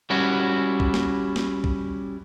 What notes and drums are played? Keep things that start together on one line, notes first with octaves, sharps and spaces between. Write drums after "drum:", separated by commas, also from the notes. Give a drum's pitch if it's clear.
G3 C#4 E4 F#4
drum: kick
drum: snare
drum: snare
drum: kick